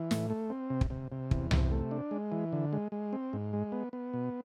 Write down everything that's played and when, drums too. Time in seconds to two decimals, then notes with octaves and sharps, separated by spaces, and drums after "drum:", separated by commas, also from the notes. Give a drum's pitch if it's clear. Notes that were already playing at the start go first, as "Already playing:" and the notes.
Already playing: E3
0.11 A2, drum: snare
0.30 A3
0.50 C4
0.70 C3
0.81 drum: kick
0.90 C3
1.12 C3
1.31 E2, drum: kick
1.51 C3, drum: tom C2
1.71 A3
1.91 D4
2.11 G#3
2.32 E3
2.53 D3
2.73 G#3
2.92 G#3
3.13 C4
3.33 G#2
3.53 G#3
3.72 B3
3.93 B3
4.14 B2